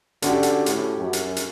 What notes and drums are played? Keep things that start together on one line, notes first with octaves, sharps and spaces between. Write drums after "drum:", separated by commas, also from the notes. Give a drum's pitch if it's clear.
D3 C#4 F#4 G4, drum: hi-hat
drum: hi-hat
A2, drum: hi-hat
F#2
drum: hi-hat
drum: hi-hat